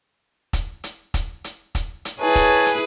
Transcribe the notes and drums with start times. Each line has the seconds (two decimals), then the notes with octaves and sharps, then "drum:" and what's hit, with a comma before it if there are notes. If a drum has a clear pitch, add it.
0.53 drum: kick, hi-hat
0.84 drum: hi-hat
1.14 drum: kick, hi-hat
1.44 drum: hi-hat
1.75 drum: kick, hi-hat
2.05 drum: hi-hat
2.20 E4 G#4 B4 C#5 G#5 A5
2.35 drum: kick, hi-hat
2.66 drum: hi-hat